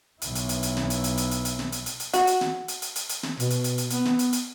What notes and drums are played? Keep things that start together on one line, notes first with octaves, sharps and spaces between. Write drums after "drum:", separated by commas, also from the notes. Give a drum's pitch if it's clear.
B1 E4, drum: hi-hat
drum: hi-hat
drum: hi-hat
drum: hi-hat
drum: snare
drum: hi-hat
drum: hi-hat
drum: hi-hat
drum: hi-hat
drum: hi-hat
drum: snare
drum: hi-hat
drum: hi-hat
drum: hi-hat
F#4, drum: hi-hat
drum: hi-hat
drum: snare
drum: hi-hat
drum: hi-hat
drum: hi-hat
drum: hi-hat
drum: snare
B2, drum: hi-hat
drum: hi-hat
drum: hi-hat
drum: hi-hat
B3, drum: hi-hat
drum: snare
drum: hi-hat
drum: hi-hat